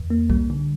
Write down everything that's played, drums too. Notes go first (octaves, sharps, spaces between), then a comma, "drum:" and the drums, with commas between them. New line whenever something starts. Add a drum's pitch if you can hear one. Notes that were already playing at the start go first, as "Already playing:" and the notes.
Already playing: E2
A#3
G3, drum: kick C2
D3